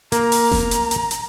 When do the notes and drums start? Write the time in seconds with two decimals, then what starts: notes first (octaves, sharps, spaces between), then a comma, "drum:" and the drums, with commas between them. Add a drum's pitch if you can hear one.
0.12 A#3 A#5, drum: hi-hat
0.32 drum: open hi-hat
0.51 drum: snare F1
0.71 drum: hi-hat
0.91 drum: hi-hat
1.11 drum: hi-hat